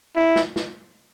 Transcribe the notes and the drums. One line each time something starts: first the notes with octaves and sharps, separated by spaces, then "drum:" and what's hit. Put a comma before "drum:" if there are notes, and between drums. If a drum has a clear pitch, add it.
E4
drum: snare
drum: snare